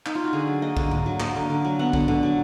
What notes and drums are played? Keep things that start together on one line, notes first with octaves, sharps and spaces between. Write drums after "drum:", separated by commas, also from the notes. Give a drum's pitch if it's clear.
D#4, drum: clap
F4
F#4
D3 G#4
F#3
A#3 D#5
D3, drum: kick
D3, drum: tom G#2
F#3
A#3 D#5, drum: clap
D3
D3
F#3
B3 F#5
D3, drum: kick
D3, drum: tom A2
F#3